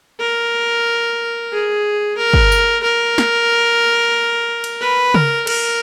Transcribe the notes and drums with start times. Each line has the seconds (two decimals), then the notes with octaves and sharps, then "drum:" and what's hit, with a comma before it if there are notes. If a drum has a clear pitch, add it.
0.20 A#4
1.52 G#4
2.17 A#4
2.33 drum: kick
2.52 drum: tambourine
2.83 A#4
3.18 drum: snare
4.64 drum: cymbal
4.81 B4
5.14 A#4, drum: tom C#3
5.47 A#4, drum: cymbal